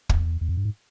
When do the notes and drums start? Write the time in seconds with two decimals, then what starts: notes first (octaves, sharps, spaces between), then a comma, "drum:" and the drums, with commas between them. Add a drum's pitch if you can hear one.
0.09 E2, drum: kick
0.41 E2
0.49 F2
0.57 G2
0.65 G#2